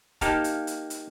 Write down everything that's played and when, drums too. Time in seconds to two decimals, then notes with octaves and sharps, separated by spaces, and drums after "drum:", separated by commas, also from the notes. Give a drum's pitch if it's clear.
0.21 A#3 D#4 G4 F5 A5, drum: kick, hi-hat
0.44 drum: hi-hat
0.67 drum: hi-hat
0.90 drum: hi-hat